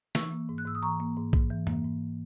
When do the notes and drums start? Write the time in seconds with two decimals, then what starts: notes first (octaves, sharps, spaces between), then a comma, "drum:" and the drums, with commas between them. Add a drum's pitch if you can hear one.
0.15 E3 C#6 E6, drum: snare
0.31 A#3
0.49 G#2
0.58 F#6
0.65 G#2 E6
0.75 D#6
0.82 E3 A#5 C#6
1.00 A#3
1.17 G#2
1.33 G#2, drum: kick A#1
1.50 E3
1.67 A#3, drum: tom F2
1.84 G#2